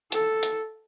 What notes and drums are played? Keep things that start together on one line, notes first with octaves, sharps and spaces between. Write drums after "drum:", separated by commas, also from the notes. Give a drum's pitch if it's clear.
A4, drum: hi-hat
drum: hi-hat